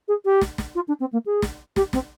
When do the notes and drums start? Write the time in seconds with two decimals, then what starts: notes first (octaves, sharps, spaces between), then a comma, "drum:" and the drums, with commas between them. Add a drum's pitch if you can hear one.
0.08 G#4
0.25 G4
0.41 drum: snare
0.58 drum: snare
0.75 F4
0.88 D4
1.00 C4
1.12 A#3
1.26 G#4
1.42 drum: snare
1.76 G4, drum: snare
1.93 C4, drum: snare